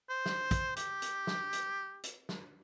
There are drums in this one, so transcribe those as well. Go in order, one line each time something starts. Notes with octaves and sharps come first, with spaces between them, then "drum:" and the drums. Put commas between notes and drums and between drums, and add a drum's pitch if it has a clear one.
C5
drum: snare
drum: kick, hi-hat
G4, drum: hi-hat
drum: hi-hat
drum: snare
drum: hi-hat
drum: hi-hat
drum: snare